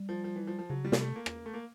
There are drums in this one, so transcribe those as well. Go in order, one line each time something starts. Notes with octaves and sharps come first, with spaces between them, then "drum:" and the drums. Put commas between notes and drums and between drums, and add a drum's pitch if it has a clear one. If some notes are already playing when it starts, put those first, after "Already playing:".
Already playing: G3
F3
F3
E3
F3
F3
C#3 F#3
G3
C3, drum: snare
A3
A#3
drum: rim click
A3
A#3